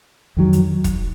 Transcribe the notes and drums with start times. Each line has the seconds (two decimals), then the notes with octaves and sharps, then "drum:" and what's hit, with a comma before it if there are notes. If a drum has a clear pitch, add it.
0.37 F2 D#3 F#3
0.53 drum: hi-hat
0.84 drum: kick, hi-hat